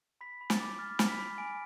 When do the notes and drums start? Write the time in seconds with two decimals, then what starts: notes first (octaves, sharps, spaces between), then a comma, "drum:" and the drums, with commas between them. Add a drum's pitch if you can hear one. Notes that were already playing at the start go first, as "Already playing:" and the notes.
0.21 B5 B6
0.41 B5
0.50 A6, drum: snare
0.60 D6
0.79 F6 A6
0.99 B5, drum: snare
1.08 B6
1.19 B5
1.38 G#5 D7